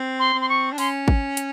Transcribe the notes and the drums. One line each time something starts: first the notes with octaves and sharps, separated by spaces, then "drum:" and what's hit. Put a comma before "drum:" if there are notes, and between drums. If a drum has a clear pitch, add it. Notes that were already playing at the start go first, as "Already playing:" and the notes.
Already playing: C4
C6
C4
C6
C#6
D4
C#4 C6, drum: open hi-hat
drum: kick
drum: hi-hat